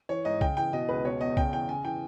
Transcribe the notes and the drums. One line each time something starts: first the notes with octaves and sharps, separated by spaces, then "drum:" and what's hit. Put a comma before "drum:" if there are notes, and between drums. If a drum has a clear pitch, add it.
E3 C#5
G#2 D#5
C#3 G5, drum: kick C2
E3 G5
B2 D#5
C#2 B4
B2 C#5
E2 D#5
C#3 G5, drum: kick C2
E3 G5
C#3 G#5
E3 G5